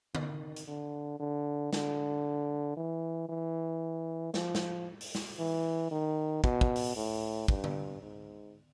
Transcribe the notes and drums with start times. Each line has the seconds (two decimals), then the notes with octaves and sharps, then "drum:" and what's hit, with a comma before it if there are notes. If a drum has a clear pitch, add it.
0.15 D#3, drum: tom D3
0.56 drum: hi-hat
0.67 D3
1.20 D3
1.73 D3, drum: snare
2.77 E3
3.29 E3
4.34 F3, drum: snare
4.55 drum: snare
5.01 drum: open hi-hat
5.15 drum: snare
5.39 E3
5.91 D#3
6.44 B2, drum: kick
6.61 drum: kick
6.76 drum: open hi-hat
6.96 A2
7.48 G2, drum: kick
7.64 drum: tom D3
8.01 G#2